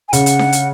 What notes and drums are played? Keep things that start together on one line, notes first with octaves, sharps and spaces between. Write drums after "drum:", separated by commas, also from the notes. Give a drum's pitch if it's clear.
G#5
C#3 F#5, drum: hi-hat
drum: hi-hat
drum: snare D4
drum: hi-hat